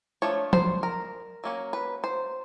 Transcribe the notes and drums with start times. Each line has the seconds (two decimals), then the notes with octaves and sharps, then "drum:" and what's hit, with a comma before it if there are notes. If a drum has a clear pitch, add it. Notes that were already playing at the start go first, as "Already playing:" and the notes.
0.22 F3 A3 D4 C#5
0.53 C5, drum: tom F3
0.83 A#4
1.44 F#3 A#3 C#4
1.73 B4
2.04 C5